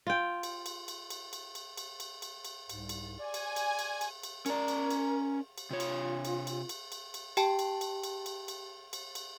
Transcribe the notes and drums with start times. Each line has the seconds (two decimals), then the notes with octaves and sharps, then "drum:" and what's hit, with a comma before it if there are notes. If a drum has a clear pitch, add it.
0.07 F4 G5
0.43 drum: cymbal
0.66 drum: cymbal
0.88 drum: cymbal
1.10 drum: cymbal
1.33 drum: cymbal
1.55 drum: cymbal
1.78 drum: cymbal
2.00 drum: cymbal
2.22 drum: cymbal
2.45 drum: cymbal
2.70 C2 G#2, drum: cymbal
2.89 drum: cymbal
3.19 D5 G#5
3.34 drum: cymbal
3.56 drum: cymbal
3.79 drum: cymbal
4.01 drum: cymbal
4.23 drum: cymbal
4.46 C#4 A#4 D5, drum: cymbal
4.68 drum: cymbal
4.91 drum: cymbal
5.58 drum: cymbal
5.71 C3 F4 C#5
5.80 drum: cymbal
6.25 drum: cymbal
6.47 drum: cymbal
6.69 drum: cymbal
6.92 drum: cymbal
7.14 drum: cymbal
7.37 G4 G5 A5, drum: cymbal
7.59 drum: cymbal
7.81 drum: cymbal
8.04 drum: cymbal
8.26 drum: cymbal
8.48 drum: cymbal
8.93 drum: cymbal
9.15 drum: cymbal